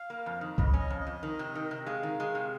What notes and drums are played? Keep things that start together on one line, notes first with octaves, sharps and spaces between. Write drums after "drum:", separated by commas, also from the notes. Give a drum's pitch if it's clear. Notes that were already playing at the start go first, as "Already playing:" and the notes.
Already playing: F5
A#3
F2
D#3
F2 D#5, drum: kick C2
C#4
D#5
F2
D#5
F2
D#3
C3
D#3
C3
G#3 F5
D#3
G#3
C3